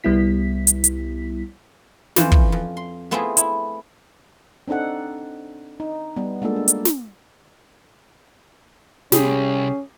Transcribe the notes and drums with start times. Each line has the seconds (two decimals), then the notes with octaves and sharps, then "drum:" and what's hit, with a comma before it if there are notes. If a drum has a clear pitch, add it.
0.04 C2 G3 B3 E4 B6
0.67 drum: hi-hat
0.84 drum: hi-hat
2.16 F2 E3 C#4 F4 C5 D5, drum: snare
2.32 drum: kick
2.52 F2
2.77 C6
3.11 A3 B3 C4 E4 F4 G#4
3.37 E4, drum: hi-hat
4.68 C4 D4 D#4 A4 F#5
5.80 D#4
6.16 G3 B3
6.42 G#3 A#3 D4 F4 A4
6.56 D4
6.68 drum: hi-hat
6.85 drum: snare
9.12 C2 C#4 G4 G#4, drum: snare